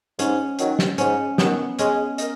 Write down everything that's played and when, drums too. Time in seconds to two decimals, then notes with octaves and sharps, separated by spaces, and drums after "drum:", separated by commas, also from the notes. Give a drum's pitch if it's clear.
0.19 G#2 C#4, drum: hi-hat
0.59 D#3 F#3, drum: hi-hat
0.79 drum: snare
0.98 G#2 C#4, drum: hi-hat
1.38 D#3 F#3 B3, drum: snare
1.79 G#3 C#4, drum: hi-hat
2.18 A#4 D#5, drum: hi-hat